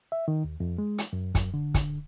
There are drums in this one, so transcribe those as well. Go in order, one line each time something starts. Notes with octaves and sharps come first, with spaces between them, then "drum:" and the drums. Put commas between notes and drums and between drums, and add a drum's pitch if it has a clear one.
E5
D#3
D#2
F2
G#3
drum: hi-hat
F#2
F#2, drum: kick, hi-hat
D3
drum: kick, hi-hat